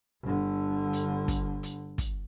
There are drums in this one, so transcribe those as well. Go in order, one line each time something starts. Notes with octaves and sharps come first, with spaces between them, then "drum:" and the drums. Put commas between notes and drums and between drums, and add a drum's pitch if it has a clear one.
G1 D3
drum: hi-hat
drum: kick, hi-hat
drum: hi-hat
drum: kick, hi-hat